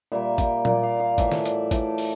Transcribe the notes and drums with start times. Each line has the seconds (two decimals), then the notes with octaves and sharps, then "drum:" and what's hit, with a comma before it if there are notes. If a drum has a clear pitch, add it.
0.12 A#2 G3 A#3 E5
0.38 G5, drum: kick, hi-hat
0.65 A#2 G3 A#3 D5, drum: tom A#2
0.83 F5
1.00 F5
1.18 A2 E3 A3 E5, drum: kick, hi-hat
1.32 drum: snare
1.45 D5, drum: hi-hat
1.71 A2 E3 A3 D5, drum: kick, hi-hat
1.98 drum: open hi-hat